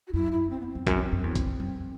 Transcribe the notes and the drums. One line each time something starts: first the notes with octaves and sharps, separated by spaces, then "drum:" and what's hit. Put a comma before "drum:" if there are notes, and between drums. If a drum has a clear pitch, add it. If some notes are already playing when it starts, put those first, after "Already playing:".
F#4
F#2 E4
E4
C4
B3
C4
E2
F#2, drum: kick, hi-hat
F#2
E2
drum: kick, hi-hat
F#2